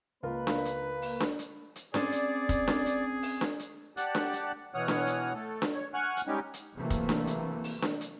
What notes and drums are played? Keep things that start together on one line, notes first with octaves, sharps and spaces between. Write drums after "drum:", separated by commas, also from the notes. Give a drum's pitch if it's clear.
C#2 A#3 F4 A#4 B4
drum: snare D4
drum: hi-hat
drum: open hi-hat
drum: snare D4
drum: hi-hat
drum: hi-hat
C4 C#4 G#4 C5 D5, drum: snare D4
drum: hi-hat
drum: kick, hi-hat
drum: snare D4
drum: hi-hat
drum: open hi-hat
drum: snare D4
drum: hi-hat
G4 D5 F#5 A5 F#6, drum: hi-hat
drum: snare D4
drum: hi-hat
B2 E3 C#5 F#5 D#6 F6
drum: snare D4
drum: hi-hat
A3 A4
drum: snare D4
C#5
F#5 G#5 C#6 F6 F#6
drum: hi-hat
G3 G#3 C#4 D#4 G4
drum: hi-hat
C3 E3 F#3 A3 A#3 C4
drum: kick, hi-hat
drum: snare D4
drum: hi-hat
drum: open hi-hat
drum: snare D4
drum: hi-hat